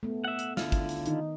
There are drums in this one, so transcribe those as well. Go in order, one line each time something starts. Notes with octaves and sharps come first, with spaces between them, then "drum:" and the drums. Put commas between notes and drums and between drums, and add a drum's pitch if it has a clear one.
A3 B3
E5 F#5
drum: hi-hat
D3 E4 F4, drum: snare
drum: kick, hi-hat
drum: hi-hat
D#3 D#4, drum: hi-hat